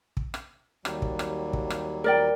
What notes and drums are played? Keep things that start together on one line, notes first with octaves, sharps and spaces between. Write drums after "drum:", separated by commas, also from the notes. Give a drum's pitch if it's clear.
drum: kick
drum: rim click
D#2 F#3 G3, drum: rim click
drum: kick
drum: rim click
drum: kick
drum: rim click
A#4 D5 G5